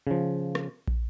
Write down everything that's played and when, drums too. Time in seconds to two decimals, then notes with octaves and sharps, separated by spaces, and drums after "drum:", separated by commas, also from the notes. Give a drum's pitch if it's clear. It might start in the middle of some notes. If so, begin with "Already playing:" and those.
0.07 C#3 F3
0.55 drum: rim click
0.88 drum: kick